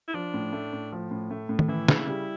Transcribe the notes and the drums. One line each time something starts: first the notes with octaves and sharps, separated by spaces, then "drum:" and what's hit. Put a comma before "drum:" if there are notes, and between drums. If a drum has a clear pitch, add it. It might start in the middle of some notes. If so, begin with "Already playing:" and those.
E4
F3 D4
A2
A3
A2
F3
A2
A3
A2
drum: tom D#3
E3 E4
C#3, drum: snare
G3